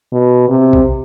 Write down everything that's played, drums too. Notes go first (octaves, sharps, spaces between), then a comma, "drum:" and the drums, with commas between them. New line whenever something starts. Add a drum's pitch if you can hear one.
B2
C3
drum: kick